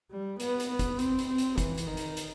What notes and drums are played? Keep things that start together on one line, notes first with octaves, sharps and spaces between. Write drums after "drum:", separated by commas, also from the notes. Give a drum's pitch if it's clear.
G3
B3, drum: hi-hat
drum: hi-hat
B3
drum: kick F#1, hi-hat
C4, drum: hi-hat
drum: hi-hat
C4
drum: hi-hat
E3, drum: kick F#1, hi-hat
drum: hi-hat
D#3
drum: hi-hat
drum: hi-hat